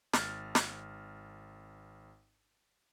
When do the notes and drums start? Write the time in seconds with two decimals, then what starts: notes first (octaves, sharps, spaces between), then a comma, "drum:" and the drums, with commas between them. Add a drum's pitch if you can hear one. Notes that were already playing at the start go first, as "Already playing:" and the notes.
0.13 G#1 F6 A6, drum: snare
0.55 drum: snare